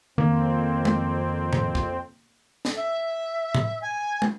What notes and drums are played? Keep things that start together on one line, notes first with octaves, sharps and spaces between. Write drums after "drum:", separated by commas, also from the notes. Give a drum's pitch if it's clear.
F2 D#3 A#3 C4
drum: tom
drum: tom A2
drum: kick
drum: snare
E5
drum: tom A2
G#5
drum: tom